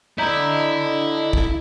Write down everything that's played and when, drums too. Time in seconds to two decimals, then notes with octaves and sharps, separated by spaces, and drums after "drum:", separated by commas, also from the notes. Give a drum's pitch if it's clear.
0.18 E4 A4 D5 D#5 A#5 G6 B6
1.33 drum: kick A1